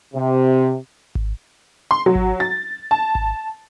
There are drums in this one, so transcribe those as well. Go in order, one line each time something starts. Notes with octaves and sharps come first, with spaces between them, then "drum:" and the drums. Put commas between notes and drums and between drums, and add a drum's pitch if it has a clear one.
C3
drum: kick G#1
C6
F#3
drum: kick G#1
A6
A5
drum: kick G#1